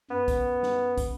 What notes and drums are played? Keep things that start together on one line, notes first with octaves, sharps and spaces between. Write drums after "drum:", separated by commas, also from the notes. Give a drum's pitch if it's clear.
F#2 B3
drum: kick, hi-hat
drum: snare
drum: kick, hi-hat